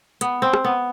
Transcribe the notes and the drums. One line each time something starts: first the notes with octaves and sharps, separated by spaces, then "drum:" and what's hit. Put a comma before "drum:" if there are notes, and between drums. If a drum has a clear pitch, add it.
B3, drum: hi-hat
C4
drum: rim click
B3